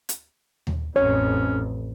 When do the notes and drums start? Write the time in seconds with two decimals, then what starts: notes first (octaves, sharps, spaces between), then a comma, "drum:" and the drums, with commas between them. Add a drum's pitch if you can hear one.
0.09 drum: hi-hat
0.67 drum: tom D#2
0.96 A1 F2 C#4 C#5